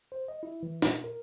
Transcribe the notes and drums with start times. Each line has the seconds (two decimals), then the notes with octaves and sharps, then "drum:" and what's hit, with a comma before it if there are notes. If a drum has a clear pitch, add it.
0.12 C5
0.28 D#5
0.43 E4
0.63 E3
0.82 A#2, drum: snare
1.04 A#4